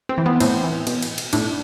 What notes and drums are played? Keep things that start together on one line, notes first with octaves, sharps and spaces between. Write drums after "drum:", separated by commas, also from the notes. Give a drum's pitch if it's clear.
C4
E3
B3
A2 C4, drum: cymbal
E3
B2, drum: cymbal
drum: cymbal
drum: cymbal
A2 D4, drum: cymbal